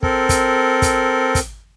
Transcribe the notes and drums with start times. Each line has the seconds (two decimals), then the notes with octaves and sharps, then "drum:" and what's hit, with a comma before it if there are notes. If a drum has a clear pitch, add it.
0.03 C4 A4 A#4, drum: kick
0.29 drum: kick, hi-hat
0.82 drum: kick, hi-hat
1.35 drum: kick, hi-hat